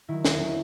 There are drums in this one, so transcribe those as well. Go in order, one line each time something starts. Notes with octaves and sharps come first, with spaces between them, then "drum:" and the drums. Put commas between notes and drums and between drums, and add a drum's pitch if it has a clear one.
D#3 F#3 E4
D#2, drum: snare
D#3 F#3